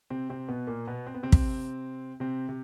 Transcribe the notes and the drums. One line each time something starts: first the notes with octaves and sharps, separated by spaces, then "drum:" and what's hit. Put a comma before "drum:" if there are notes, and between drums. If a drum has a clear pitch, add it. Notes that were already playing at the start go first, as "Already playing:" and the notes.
C3 C4
C3 C4
B2 B3
A#2 A#3
B2 B3
C4
B3
C3 C4
drum: kick
C3 C4
C3